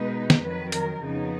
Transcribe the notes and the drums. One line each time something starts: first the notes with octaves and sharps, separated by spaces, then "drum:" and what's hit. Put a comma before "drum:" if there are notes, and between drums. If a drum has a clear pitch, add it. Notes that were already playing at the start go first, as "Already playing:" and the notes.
Already playing: B2 G#3 D#4 B4
drum: snare
F2 D#3 F#3 B4
A#4, drum: hi-hat
F2 C#3 F3 B3 D#4